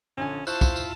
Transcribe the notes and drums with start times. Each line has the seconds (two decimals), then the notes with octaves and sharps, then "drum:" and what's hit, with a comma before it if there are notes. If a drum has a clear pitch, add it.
0.17 A#1 D3 C#4 G#5
0.47 E4 F4 C5 F5 A5 C#6 F#6, drum: tambourine
0.61 drum: kick, tambourine
0.76 drum: tambourine